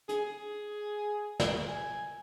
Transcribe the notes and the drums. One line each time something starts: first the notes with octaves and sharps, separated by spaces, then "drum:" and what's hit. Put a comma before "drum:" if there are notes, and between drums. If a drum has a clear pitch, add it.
G#4, drum: hi-hat
drum: snare
G#5